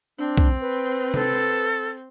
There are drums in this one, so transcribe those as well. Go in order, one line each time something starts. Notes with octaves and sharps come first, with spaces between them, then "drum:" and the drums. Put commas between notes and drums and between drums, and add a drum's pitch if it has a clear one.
C4 D4
drum: kick
B4
A4, drum: tom C3